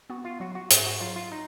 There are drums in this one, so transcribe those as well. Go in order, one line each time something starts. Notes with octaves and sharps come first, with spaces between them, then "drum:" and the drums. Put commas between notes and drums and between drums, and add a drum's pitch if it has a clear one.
B3 F#4
F4
F#3 F#4
F#4
G#2 G#4, drum: hi-hat
F#4
F#3 F4
F4
D#4